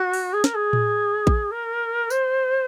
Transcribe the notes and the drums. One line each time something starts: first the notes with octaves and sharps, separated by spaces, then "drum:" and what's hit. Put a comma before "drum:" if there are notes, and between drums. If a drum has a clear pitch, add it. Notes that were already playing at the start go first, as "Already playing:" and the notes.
Already playing: F#4
drum: open hi-hat
G#4
A#4, drum: snare
G#4
drum: tom A2
drum: kick A#1
A#4
C5, drum: tambourine